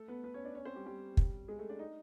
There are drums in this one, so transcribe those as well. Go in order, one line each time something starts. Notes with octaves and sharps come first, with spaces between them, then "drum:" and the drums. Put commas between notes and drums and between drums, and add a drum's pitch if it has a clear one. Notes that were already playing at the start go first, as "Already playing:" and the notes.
Already playing: A3 A4
B3 B4
B3 B4
C#4 C#5
D4 D5
C#4 C#5
C4 C5
G3 G4
G3 G4
drum: kick
G#3 G#4
A3 A4
D4 D5
D#4 D#5